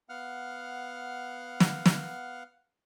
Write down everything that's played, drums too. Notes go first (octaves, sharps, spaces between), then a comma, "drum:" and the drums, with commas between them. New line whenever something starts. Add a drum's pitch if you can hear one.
B3 F5 F#5 F6
drum: snare
drum: snare